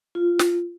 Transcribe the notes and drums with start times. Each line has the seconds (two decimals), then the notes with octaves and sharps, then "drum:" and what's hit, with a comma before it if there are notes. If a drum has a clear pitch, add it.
0.15 F4
0.39 drum: snare